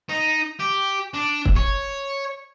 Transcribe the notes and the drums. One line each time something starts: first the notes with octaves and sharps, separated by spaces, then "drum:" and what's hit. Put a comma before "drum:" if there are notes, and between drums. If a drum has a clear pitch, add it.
D#4
G4
D4
drum: kick
C#5